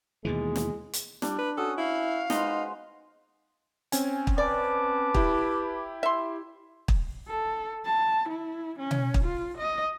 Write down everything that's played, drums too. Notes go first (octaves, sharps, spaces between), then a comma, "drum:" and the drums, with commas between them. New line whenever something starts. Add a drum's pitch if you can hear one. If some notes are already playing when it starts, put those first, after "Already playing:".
D#2 B2 E3 G#3
drum: snare
drum: hi-hat
G3 D4, drum: snare
B4
C#4 F#4 A4 D#6
E4 F5
G#3 D#4 B4 C5, drum: snare
C4 C#4 G#5, drum: hi-hat
drum: kick
B4 D5 A5 D6
E4 G4, drum: kick
E5 C6
drum: kick
A4
A5
E4
C#4
drum: tom B2
drum: kick
F4
D#5